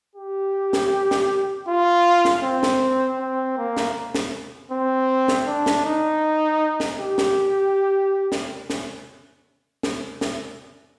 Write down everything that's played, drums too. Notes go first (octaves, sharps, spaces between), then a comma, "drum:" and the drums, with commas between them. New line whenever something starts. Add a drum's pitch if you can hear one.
G4
drum: snare
drum: snare
F4
drum: snare
C4
drum: snare
C4
A#3
drum: snare
drum: snare
C4
drum: snare
D4
drum: snare
D#4
drum: snare
G4
drum: snare
drum: snare
drum: snare
drum: snare
drum: snare